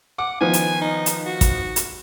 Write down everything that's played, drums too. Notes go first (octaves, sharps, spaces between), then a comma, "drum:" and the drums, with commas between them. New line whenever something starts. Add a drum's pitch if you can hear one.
F#5 D6
D#3 F3 B3 G#5
drum: hi-hat
D#4
drum: hi-hat
F#4
drum: kick, hi-hat
drum: hi-hat